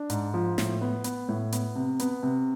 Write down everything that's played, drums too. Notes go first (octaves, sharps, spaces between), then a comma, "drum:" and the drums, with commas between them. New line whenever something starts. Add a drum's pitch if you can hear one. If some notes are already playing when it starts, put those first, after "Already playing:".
Already playing: D4
G#2, drum: hi-hat
F3
A2, drum: snare
B3
B3, drum: hi-hat
A2
B3, drum: hi-hat
C3
B3, drum: hi-hat
C3